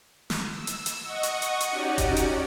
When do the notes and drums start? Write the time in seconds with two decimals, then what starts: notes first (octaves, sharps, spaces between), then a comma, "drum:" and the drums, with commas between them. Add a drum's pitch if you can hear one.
0.30 drum: snare
0.52 E6
0.67 drum: hi-hat
0.86 drum: hi-hat
1.05 D#5 F#5 C#6 D#6
1.23 drum: hi-hat
1.42 drum: hi-hat
1.61 drum: hi-hat
1.71 C#4 D#4 F#4 G4 D5
1.98 drum: kick F1, hi-hat
2.17 drum: hi-hat